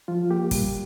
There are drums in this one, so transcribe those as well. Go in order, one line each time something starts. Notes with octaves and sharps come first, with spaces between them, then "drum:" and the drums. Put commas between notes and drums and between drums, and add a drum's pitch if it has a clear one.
F3 F4
A#3 G4
G3, drum: kick, open hi-hat